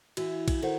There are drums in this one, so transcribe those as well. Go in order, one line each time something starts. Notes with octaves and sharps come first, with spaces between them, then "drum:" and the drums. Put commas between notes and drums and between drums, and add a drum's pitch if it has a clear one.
E3 F#4, drum: cymbal
drum: kick A#1, cymbal
D#3 A4 C5 F#5